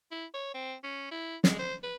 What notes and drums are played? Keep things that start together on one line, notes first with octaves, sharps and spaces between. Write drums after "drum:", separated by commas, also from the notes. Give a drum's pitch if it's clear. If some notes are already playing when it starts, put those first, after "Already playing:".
E4
C#5
C4
C#4
E4
G#3, drum: snare
C5
B4